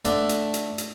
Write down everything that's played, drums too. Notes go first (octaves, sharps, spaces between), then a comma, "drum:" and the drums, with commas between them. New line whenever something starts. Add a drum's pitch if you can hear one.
D3 A3 D4, drum: hi-hat
drum: hi-hat
drum: hi-hat
drum: hi-hat